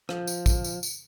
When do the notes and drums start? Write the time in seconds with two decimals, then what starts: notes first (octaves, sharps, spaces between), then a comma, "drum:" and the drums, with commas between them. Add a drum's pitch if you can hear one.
0.09 F3, drum: rim click
0.27 drum: tambourine
0.46 drum: kick, tambourine
0.64 drum: tambourine
0.83 drum: tambourine